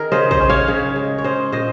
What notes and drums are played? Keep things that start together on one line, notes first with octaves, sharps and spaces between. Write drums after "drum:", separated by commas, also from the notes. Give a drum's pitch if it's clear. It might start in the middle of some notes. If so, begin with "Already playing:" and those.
Already playing: D#3 C#4 G#4 A#4
C#3 C5 D#5
C5 D#5, drum: kick A#1
C#4
C#5 F5
C#3
G#3
C#5
C#4 C5 D#5
A#2 C5 D#5